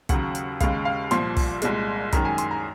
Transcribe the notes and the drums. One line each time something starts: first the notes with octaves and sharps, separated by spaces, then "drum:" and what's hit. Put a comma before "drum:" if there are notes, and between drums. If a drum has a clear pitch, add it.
D#2 C#3 F#3 F#5, drum: kick, hi-hat
drum: hi-hat
D#2 C#3 G#3 F5, drum: kick, hi-hat
F5
C2 A#2 F3 C6, drum: hi-hat
drum: kick, open hi-hat
C2 A#2 G#3, drum: hi-hat
F#2 D#3 G#3 A#5, drum: kick, hi-hat
G#5
C6, drum: hi-hat
A#5